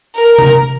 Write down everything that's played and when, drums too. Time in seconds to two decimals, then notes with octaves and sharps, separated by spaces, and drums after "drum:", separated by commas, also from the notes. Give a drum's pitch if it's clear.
0.15 A#4
0.39 drum: tom C3